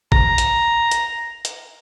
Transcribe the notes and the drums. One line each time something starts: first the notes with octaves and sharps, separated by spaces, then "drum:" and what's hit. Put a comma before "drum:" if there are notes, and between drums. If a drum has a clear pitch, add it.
A#5, drum: kick G#1
drum: hi-hat
drum: hi-hat
drum: hi-hat